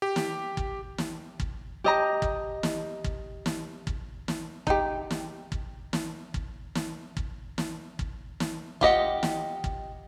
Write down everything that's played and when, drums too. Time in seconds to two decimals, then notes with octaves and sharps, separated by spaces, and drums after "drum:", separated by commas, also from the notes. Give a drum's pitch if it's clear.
0.02 G4
0.16 drum: snare
0.57 drum: kick
0.98 drum: snare
1.40 drum: kick
1.84 G4 D#5 A#5
2.22 drum: kick
2.63 drum: snare
3.04 drum: kick
3.46 drum: snare
3.87 drum: kick
4.28 drum: snare
4.67 D#4 G4, drum: kick
5.10 drum: snare
5.52 drum: kick
5.93 drum: snare
6.34 drum: kick
6.75 drum: snare
7.17 drum: kick
7.58 drum: snare
7.99 drum: kick
8.40 drum: snare
8.81 F4 G4 D#5 F#5, drum: kick
9.23 drum: snare
9.64 drum: kick